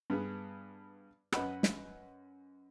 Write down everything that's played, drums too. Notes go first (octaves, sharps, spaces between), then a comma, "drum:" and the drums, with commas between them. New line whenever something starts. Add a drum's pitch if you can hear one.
G2 B3 G#4
F#2 B4 D#5 F#5 B5, drum: rim click
drum: snare